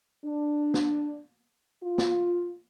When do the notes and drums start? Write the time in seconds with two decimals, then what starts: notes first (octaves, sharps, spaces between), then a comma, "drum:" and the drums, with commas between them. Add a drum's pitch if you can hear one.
0.25 D4
0.74 drum: snare
1.83 F4
1.98 drum: snare